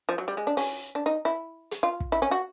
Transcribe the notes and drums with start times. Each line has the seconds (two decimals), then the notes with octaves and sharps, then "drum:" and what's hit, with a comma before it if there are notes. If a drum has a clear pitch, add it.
0.09 F3
0.18 F#3
0.28 G3
0.37 G#3
0.47 D4
0.57 C#4, drum: open hi-hat
0.95 D4
1.06 D#4
1.25 E4
1.71 drum: hi-hat
1.83 F4
2.00 drum: kick
2.12 E4
2.22 C#4
2.31 F#4